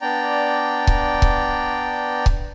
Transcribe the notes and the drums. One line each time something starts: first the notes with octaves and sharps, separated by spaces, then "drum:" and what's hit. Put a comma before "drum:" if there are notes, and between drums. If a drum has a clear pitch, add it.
B3 D4 D5 G5 A#5
drum: kick C#1
drum: kick C#1
drum: kick C#1